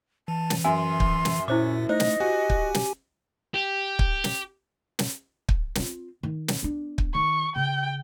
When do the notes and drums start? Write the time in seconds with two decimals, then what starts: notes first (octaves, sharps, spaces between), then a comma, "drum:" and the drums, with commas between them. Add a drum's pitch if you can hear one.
0.28 E3 A5
0.50 drum: snare
0.64 F#2 E5 G#5 C6
1.00 drum: kick
1.25 drum: snare
1.48 A#2 C#4 E4 C5 D6
1.89 A3 D#4 C5 D#5
2.00 drum: snare
2.20 F#4 G4 G#5
2.50 drum: kick
2.74 drum: snare
3.54 G4
3.99 drum: kick
4.24 drum: snare
4.99 drum: snare
5.49 drum: kick
5.75 C4 F4, drum: snare
6.23 D#3
6.48 drum: snare
6.63 B3 D4
6.98 drum: kick
7.15 D#3 C#6
7.56 C#3 G5